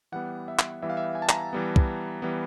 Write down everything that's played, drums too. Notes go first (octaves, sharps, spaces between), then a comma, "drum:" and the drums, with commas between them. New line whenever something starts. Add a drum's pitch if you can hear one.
E3 G3 B3 F#5
E5
drum: clap
E3 G3 B3 E5
F5
E5
G#5
A5
A#5, drum: clap
E3 G3 B3
drum: kick
E3 G3 B3